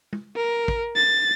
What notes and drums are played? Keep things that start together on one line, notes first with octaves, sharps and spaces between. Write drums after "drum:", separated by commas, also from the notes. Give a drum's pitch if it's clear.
drum: tom
A#4
drum: kick
A6